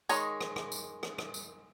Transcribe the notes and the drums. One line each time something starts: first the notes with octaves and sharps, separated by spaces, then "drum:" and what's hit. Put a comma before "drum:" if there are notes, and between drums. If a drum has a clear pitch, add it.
D#3 G#3 C#5 D#5 A#5, drum: tambourine
drum: rim click
drum: rim click
drum: tambourine
drum: rim click
drum: rim click
drum: tambourine